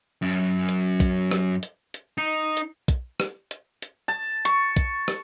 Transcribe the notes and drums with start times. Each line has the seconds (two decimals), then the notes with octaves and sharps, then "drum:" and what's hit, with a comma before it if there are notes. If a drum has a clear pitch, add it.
0.22 F#2
0.69 drum: hi-hat
1.00 drum: kick, hi-hat
1.31 drum: rim click
1.63 drum: hi-hat
1.94 drum: hi-hat
2.18 D#4
2.57 drum: hi-hat
2.88 drum: kick, hi-hat
3.20 drum: rim click
3.51 drum: hi-hat
3.82 drum: hi-hat
4.08 A5
4.45 C#6, drum: hi-hat
4.77 drum: kick, hi-hat
5.08 drum: rim click